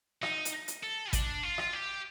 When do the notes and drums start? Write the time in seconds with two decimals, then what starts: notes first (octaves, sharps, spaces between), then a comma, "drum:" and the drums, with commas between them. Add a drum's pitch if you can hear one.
0.23 D#4, drum: rim click
0.45 drum: hi-hat
0.68 drum: hi-hat
0.83 A4
1.13 D4, drum: kick G#1, hi-hat
1.43 F4
1.58 drum: rim click
1.73 G4